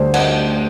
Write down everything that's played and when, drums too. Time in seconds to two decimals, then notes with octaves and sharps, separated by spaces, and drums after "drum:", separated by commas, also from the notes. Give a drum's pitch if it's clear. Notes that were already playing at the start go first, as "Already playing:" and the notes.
Already playing: D2 D3 G3 C5
0.14 F#5, drum: cymbal
0.19 D#5